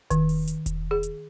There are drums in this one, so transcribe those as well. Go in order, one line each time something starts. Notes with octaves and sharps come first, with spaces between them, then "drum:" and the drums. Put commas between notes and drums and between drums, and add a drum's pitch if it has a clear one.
D#3, drum: kick E1, hi-hat
drum: open hi-hat
drum: hi-hat
drum: kick E1, hi-hat
G#4
drum: hi-hat